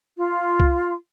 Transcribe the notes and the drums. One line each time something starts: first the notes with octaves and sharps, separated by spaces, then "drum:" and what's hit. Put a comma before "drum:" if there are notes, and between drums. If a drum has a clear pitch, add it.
F4
drum: kick C2